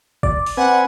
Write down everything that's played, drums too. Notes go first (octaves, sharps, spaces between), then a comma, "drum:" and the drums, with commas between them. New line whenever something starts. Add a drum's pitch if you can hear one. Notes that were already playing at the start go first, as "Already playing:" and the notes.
D5, drum: kick
drum: open hi-hat
C4 B4 F#5 G#5